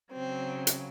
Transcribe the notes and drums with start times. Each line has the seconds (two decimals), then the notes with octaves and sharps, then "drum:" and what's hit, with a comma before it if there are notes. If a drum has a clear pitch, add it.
0.13 C#3 F#3 C4
0.67 drum: hi-hat